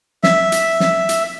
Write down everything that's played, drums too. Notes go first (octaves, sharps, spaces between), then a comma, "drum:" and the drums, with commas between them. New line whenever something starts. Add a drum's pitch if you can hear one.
E5, drum: snare
drum: hi-hat
drum: snare
drum: hi-hat